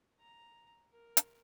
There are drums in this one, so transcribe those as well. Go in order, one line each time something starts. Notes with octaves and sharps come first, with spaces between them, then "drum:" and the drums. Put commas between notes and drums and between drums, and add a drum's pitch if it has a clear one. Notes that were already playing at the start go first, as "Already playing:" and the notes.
A#5
A#4
drum: hi-hat